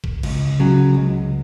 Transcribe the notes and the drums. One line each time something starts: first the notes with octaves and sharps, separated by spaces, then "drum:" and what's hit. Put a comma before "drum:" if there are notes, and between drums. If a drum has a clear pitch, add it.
drum: kick A1
C#2, drum: cymbal
C#3 F#3
C#2